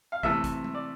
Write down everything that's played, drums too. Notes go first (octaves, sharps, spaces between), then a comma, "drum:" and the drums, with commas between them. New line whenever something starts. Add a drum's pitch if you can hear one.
F5
C3 E3 A3 E5, drum: kick
drum: kick, hi-hat
drum: tom G#3
D5